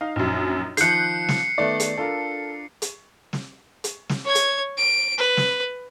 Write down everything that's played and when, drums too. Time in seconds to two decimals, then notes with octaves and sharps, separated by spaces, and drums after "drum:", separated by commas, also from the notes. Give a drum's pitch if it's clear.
0.01 D#4 F5
0.16 A#1 F#2
0.77 D#3 F3 F#6 G6 C7 C#7, drum: hi-hat
1.29 drum: snare
1.58 D#3 A3 B3 D5
1.80 drum: hi-hat
1.97 D4 F4 A4 A#4
2.82 drum: hi-hat
3.33 drum: snare
3.84 drum: hi-hat
4.09 drum: snare
4.25 C#5 G#6
4.35 drum: hi-hat
4.78 D7
5.18 B4
5.37 drum: snare